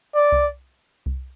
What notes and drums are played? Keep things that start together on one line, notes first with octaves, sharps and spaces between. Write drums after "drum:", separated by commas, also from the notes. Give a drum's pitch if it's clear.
D5
drum: kick C2
drum: kick C2